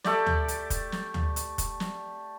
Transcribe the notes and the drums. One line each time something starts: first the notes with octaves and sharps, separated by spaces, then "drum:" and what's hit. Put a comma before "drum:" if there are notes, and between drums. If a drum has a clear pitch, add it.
A3 G4 D5, drum: snare
drum: tom
drum: hi-hat
drum: kick, hi-hat
drum: snare
drum: tom
drum: hi-hat
drum: kick, hi-hat
drum: snare